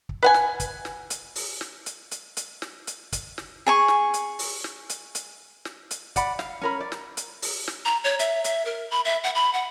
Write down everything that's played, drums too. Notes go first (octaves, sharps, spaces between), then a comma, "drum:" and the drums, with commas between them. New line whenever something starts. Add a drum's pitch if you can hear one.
drum: kick
B4 F#5 G#5
drum: snare
drum: kick, hi-hat
drum: snare
drum: hi-hat
drum: open hi-hat
drum: snare
drum: hi-hat
drum: hi-hat
drum: hi-hat
drum: snare
drum: hi-hat
drum: kick, hi-hat
drum: snare
G#4 G#5 C#6
drum: snare
drum: hi-hat
drum: open hi-hat
drum: snare
drum: hi-hat
drum: hi-hat
drum: snare
drum: hi-hat
D5 F#5 B5, drum: kick, hi-hat
F5, drum: snare
C#4 A#4 B5
D5
drum: snare
drum: hi-hat
drum: open hi-hat
drum: snare
A#5
C#5
E5, drum: hi-hat
E5, drum: hi-hat
A#4
B5
E5
F#5
B5
F#5